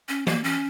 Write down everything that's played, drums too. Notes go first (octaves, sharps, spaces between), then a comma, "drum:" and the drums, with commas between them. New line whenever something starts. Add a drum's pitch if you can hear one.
C#4
A#3, drum: tom E3
C#4